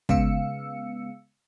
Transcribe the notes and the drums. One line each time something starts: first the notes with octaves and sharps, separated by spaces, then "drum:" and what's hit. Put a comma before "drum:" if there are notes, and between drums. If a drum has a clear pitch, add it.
C#3 G#3 B3 F5 E6 C#7, drum: kick